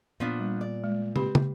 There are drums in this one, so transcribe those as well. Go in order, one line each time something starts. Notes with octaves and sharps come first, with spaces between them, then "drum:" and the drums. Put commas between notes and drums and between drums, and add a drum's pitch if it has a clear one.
A#2 F3 B3 D4
G3
D5
G#3
C4 G4 B4 B5, drum: tom
drum: tom